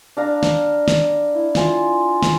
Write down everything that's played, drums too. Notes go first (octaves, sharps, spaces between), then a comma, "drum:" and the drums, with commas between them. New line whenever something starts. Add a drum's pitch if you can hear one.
D4 F5 A#5
drum: snare
drum: snare
E4
F4 G#5 C6, drum: snare
drum: snare